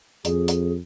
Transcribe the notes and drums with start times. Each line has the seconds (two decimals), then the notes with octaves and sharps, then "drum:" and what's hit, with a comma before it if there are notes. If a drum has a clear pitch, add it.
0.25 F2 G#4, drum: hi-hat
0.48 drum: hi-hat